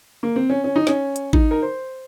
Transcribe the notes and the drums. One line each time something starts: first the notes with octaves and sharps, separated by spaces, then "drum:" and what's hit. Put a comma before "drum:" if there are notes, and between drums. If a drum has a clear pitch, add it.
A#3
C4
C#4
C#4
D#4
C#4, drum: snare
drum: hi-hat
D#4, drum: kick
A#4
C5